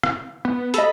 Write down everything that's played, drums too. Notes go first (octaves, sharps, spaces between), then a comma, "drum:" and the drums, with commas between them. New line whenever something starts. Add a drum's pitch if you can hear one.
drum: rim click
B3
A4 D#5 B5, drum: hi-hat